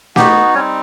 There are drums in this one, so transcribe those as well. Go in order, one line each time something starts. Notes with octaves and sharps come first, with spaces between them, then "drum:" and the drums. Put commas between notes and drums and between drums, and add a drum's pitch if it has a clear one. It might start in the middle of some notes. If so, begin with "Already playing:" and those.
B3 D#4 F#4 G4, drum: snare
G3 C4 C#4 D#4 C#5